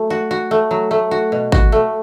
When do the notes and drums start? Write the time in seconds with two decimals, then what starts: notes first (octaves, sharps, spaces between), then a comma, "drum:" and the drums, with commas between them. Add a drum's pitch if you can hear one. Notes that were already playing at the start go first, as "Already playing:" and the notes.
Already playing: F#3 A3
0.10 F#4
0.31 F#4
0.51 A3
0.71 F#3
0.91 A3
1.11 F#4
1.32 B2
1.52 F#4, drum: kick G#1
1.72 A3